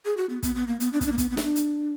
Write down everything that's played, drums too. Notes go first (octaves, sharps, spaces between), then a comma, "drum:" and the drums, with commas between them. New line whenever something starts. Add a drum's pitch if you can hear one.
G#4
F#4
B3
B3, drum: kick, hi-hat
B3
A#3
B3, drum: hi-hat
D4
B3, drum: kick, hi-hat
D4
A#3
B3, drum: kick, hi-hat
B3
D#4, drum: snare
D4
drum: hi-hat